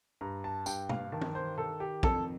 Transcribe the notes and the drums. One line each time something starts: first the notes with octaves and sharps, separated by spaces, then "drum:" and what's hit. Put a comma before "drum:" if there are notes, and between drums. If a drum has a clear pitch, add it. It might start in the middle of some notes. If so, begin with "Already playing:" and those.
G2 A#5
A5
G2 G5, drum: tambourine
F5, drum: tom B2
D#3 A5
drum: tom
C5
D#3 A4
G4
F2 A4, drum: kick